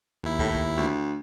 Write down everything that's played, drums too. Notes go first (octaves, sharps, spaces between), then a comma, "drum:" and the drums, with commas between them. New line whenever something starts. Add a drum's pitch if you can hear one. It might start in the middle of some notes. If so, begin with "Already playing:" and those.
D#2 E4
A2, drum: kick
drum: kick
D2